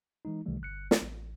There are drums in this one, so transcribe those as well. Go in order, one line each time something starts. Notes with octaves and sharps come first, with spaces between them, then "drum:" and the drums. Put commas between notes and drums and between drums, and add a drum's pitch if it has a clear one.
E3 G#3 D#4
C2 C3 D#3 E3 G3 A3
G1 F#6 C#7
drum: snare
A1